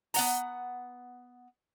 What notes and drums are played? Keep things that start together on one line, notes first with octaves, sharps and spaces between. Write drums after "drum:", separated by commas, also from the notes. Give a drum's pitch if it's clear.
B3 F#5 A#5, drum: open hi-hat